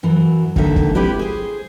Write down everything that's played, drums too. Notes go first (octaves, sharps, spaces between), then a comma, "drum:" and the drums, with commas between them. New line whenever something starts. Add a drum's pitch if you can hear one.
F#2 E3 F#3
D#2 D3 D#3 E5, drum: kick
drum: kick
C4 E4 G4 B4
G#4 C5